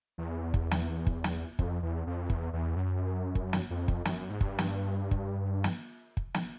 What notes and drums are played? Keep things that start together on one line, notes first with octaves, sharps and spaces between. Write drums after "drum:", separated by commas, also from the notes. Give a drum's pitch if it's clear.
E2
drum: kick
drum: snare
drum: kick
drum: snare
F2, drum: kick
E2
F2
E2, drum: kick
E2
F#2
drum: kick
drum: snare
F2
drum: kick
F#2, drum: snare
G#2
G2, drum: kick
drum: snare
drum: kick
drum: snare
drum: kick
drum: snare